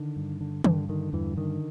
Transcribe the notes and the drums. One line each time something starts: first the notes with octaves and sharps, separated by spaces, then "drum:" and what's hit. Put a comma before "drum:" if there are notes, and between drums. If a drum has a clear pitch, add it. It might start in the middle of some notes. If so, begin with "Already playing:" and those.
Already playing: D3 D#3
G2
D3
G2 D3, drum: tom D#3
D3 D#3
E2 G2 E3
D3 D#3